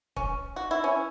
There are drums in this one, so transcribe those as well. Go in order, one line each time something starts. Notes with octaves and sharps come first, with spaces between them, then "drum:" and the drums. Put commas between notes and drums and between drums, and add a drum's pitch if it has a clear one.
C#4, drum: kick
F#4
E4
C#4